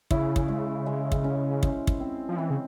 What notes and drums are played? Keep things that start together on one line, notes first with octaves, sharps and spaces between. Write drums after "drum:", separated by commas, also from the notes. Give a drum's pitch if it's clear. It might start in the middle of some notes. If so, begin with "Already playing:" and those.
C#3 E4, drum: kick
drum: kick
G#3
G#3
drum: kick
C#4
C5, drum: kick
drum: kick
C4
F3
E3 C4
C#3